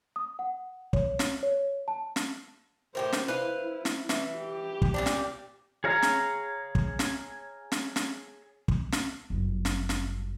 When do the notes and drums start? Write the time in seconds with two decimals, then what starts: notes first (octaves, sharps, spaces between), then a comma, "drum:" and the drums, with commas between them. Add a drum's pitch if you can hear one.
0.16 D#6
0.39 F#5
0.93 C#5, drum: kick
1.19 drum: snare
1.43 C#5
1.88 A5
2.16 drum: snare
2.95 A2 G4 A#4 C5
3.12 drum: snare
3.28 E4 B4 C5 F5
3.85 drum: snare
4.09 E3, drum: snare
4.38 G4
4.82 drum: kick
4.94 A#2 C4 D4
5.06 drum: snare
5.84 G#4 C#5 F5 A#5
6.02 drum: snare
6.75 drum: kick
6.99 drum: snare
7.72 drum: snare
7.96 drum: snare
8.68 drum: kick
8.92 drum: snare
9.30 G1 F#2
9.65 drum: snare
9.89 drum: snare